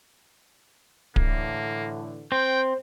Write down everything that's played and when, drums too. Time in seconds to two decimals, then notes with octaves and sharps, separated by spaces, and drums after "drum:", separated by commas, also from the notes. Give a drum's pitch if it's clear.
1.16 A2 D3 E3 A#3, drum: kick D1
2.32 C4 C5 G5